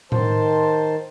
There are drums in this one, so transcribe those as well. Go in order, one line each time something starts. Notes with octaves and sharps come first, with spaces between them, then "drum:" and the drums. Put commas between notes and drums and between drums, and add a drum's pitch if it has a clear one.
D#3 C5 A5, drum: tom A2